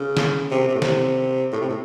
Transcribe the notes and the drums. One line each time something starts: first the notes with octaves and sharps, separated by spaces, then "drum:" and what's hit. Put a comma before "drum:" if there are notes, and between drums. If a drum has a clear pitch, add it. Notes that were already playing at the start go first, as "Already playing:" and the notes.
Already playing: C#3
drum: snare
C3
C3
A2
C3, drum: snare
A2
C3
A2